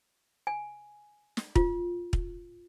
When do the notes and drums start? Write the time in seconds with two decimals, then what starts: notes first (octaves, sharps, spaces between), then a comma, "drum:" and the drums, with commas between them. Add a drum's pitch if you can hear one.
0.47 G#5
1.37 drum: snare
1.56 F4, drum: kick
2.13 drum: kick